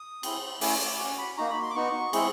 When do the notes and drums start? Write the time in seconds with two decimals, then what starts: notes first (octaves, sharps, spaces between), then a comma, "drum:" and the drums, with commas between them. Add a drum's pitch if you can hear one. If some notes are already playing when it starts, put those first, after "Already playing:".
Already playing: D#6
0.23 C4 E4 G#4, drum: cymbal
0.61 A3 C#4 E4 G#4 D6, drum: open hi-hat
0.80 D6
0.99 C#4 F#4 C#6
1.18 B5
1.37 A#3 D#4 F#4 A#5
1.50 B5
1.63 C6
1.70 D6
1.75 B3 D#4 F#4 C#6
2.13 G#3 C4 E4 G#4, drum: cymbal